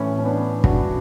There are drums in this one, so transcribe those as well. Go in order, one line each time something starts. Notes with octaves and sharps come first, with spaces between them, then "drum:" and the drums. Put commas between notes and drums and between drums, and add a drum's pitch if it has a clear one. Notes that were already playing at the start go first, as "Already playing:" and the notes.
Already playing: A2 E3 C#4
C#4
B3 D4
D4 F#4, drum: kick